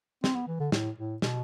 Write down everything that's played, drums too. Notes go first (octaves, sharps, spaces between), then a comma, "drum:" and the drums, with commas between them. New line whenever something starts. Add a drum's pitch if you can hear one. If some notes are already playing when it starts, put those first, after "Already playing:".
C4, drum: snare
B3
E3
D3
A2, drum: snare
A2
B2, drum: snare